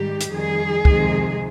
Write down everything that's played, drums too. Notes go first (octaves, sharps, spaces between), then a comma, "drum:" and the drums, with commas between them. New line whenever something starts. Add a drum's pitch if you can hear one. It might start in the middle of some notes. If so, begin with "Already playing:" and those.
Already playing: G#2 D#3 G3 G4
drum: hi-hat
F2 D#3 G3 G#4
F2 C3 D#3 G#3, drum: kick